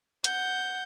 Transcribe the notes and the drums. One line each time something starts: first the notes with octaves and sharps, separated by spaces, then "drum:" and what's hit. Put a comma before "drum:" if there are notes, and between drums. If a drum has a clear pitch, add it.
F#5 G6, drum: hi-hat